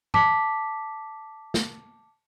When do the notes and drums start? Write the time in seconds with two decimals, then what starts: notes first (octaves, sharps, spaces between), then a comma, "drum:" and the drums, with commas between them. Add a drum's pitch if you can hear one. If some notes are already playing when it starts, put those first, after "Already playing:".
0.14 A5 D6 B6, drum: tom
1.54 drum: snare